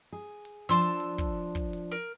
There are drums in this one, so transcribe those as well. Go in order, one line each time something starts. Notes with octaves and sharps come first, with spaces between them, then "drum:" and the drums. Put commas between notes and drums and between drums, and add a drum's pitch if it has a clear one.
G#4
drum: hi-hat
F3 D4 A5 C6 E6
drum: hi-hat
drum: hi-hat
drum: kick, hi-hat
drum: kick, hi-hat
drum: hi-hat
A#4, drum: hi-hat